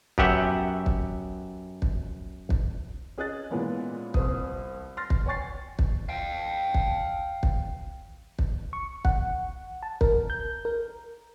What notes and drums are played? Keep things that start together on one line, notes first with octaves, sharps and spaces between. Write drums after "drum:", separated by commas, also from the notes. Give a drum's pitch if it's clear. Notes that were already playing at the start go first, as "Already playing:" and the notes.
F#2 B3 G4 E5 F#5, drum: kick
drum: kick
drum: kick
drum: kick
C#4 G#4 D#5 F#6 A6
A#2 E3 G#3 A#3 B3 C#4
C2 C5 D#6, drum: kick
C6 F6 A6 A#6
drum: kick
C#5 G5 G#5 C#6 A6 C7
drum: kick
F5 G5
drum: kick
drum: kick
drum: kick
C#6
F#5, drum: kick
A5
A#4, drum: kick
G6
A#4